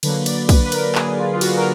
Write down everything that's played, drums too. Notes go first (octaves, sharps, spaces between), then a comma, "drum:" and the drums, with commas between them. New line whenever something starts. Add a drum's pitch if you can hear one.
D3 F#3 A#3 B4, drum: cymbal
D5, drum: cymbal
B4, drum: kick, cymbal
B4
A#4, drum: cymbal
G#4, drum: clap
F4
F4
F#4, drum: cymbal
A#4